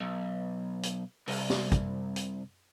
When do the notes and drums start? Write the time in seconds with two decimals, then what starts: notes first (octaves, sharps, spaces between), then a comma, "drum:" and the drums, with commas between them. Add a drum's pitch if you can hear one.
0.01 B1
0.83 drum: hi-hat
1.28 C2, drum: open hi-hat
1.50 drum: snare
1.72 drum: kick, hi-hat
2.16 drum: hi-hat